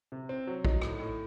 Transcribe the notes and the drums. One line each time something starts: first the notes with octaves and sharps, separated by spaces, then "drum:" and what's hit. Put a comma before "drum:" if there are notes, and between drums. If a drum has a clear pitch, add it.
C3
C4
F#3
D#4, drum: kick
A2, drum: rim click
A2